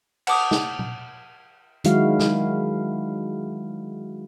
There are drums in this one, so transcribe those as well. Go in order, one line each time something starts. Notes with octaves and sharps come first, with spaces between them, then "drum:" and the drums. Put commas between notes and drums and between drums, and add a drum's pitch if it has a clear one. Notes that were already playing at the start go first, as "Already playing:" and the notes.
F#5 A5 D6 D#6, drum: cymbal
drum: snare
drum: tom A#2
D#3 F#3 G#3 E4 F#4 F5, drum: hi-hat
drum: snare